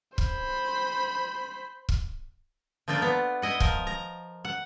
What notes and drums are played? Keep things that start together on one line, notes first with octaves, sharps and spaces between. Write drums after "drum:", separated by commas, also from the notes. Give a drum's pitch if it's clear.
C5 B5, drum: kick
drum: kick
F3 A3 A#3 D4 F4
B3
E4 D#5 F#5
F3 A#4, drum: kick
A#5
F#5